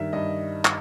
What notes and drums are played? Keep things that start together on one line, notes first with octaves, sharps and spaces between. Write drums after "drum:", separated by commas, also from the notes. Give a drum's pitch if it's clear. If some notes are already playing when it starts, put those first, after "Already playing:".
Already playing: G2 D#3 E5
G2 D#5
drum: clap